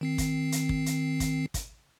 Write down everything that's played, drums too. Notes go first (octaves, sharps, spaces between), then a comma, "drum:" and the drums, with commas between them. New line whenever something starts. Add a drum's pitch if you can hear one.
D#3 C4 C7
drum: kick, hi-hat
drum: hi-hat
drum: kick
drum: hi-hat
drum: kick, hi-hat
drum: kick, hi-hat